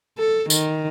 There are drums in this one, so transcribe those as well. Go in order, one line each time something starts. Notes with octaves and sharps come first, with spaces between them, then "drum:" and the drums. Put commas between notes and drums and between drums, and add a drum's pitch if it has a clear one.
A4
D#3, drum: tambourine